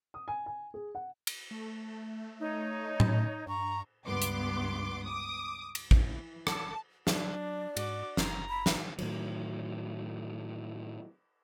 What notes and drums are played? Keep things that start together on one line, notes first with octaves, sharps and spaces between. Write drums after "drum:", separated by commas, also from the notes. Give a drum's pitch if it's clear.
D#6
G#5
G#5
G#4
F#5
drum: cymbal
A3
D#4 C#5
drum: tom A2
G2 A#5 C#6
C#2 G2 B3 C6 D6
drum: hi-hat
D6 D#6
drum: cymbal
E3, drum: kick
A5, drum: rim click
F#3 D4 D5, drum: snare
G#2 F#4 D6, drum: cymbal
F#1 A#5, drum: snare
B5
drum: snare
A2 D#3 F#3, drum: cymbal